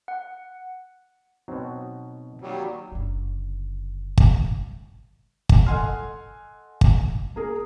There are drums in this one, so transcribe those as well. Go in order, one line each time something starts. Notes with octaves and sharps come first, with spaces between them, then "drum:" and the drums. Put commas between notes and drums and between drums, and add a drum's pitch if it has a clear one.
F#5
B2 F#3 C4 D#4
D#2 F#3 G3
F#1 D3
drum: kick
drum: kick
A4 D#5 F#5 G#5 C6 F6
drum: kick
A#3 G#4 A#4